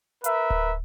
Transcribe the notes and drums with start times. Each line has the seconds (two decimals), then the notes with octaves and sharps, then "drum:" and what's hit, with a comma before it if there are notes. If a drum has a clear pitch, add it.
0.24 A#4 B4 E5, drum: hi-hat
0.50 drum: kick D1